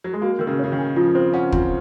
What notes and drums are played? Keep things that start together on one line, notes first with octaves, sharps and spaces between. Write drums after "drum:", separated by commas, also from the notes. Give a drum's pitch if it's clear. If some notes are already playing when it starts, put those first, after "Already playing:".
F#3
G#3
A#3 F#4
D#3 A#4
C#3
C#3 C#5
D#3
G#5
F3 F4
C4 C5
C#4 F#5
C4 F4, drum: kick